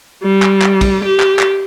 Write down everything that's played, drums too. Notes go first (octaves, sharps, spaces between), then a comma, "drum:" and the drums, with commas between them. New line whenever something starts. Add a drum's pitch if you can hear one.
G3
drum: clap
drum: clap
drum: kick, cymbal
G4
drum: clap
drum: clap